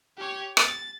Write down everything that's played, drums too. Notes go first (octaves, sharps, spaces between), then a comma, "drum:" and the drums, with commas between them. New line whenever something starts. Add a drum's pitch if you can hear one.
G4 C#5
A6, drum: rim click